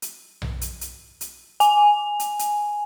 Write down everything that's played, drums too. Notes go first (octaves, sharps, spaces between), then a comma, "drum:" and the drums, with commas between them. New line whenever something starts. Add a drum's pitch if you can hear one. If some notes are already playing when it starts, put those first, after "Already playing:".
drum: hi-hat
drum: tom B1
drum: hi-hat
drum: hi-hat
drum: hi-hat
G#5, drum: hi-hat
drum: hi-hat
drum: hi-hat